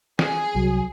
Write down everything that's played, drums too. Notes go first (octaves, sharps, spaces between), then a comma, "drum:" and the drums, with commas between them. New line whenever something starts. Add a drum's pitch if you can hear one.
G#4, drum: snare
C2 F#3